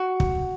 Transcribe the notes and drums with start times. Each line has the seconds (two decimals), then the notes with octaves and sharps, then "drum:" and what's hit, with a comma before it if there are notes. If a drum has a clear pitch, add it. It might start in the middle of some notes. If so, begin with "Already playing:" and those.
Already playing: F#4
0.20 drum: kick